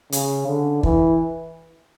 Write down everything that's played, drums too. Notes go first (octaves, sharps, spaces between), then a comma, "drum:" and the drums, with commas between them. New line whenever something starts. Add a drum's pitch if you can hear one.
C#3, drum: hi-hat
D3
E3, drum: kick